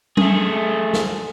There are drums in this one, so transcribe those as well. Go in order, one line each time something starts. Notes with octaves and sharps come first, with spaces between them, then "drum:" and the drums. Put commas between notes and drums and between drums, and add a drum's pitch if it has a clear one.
A3 G#4, drum: tom F#3
drum: snare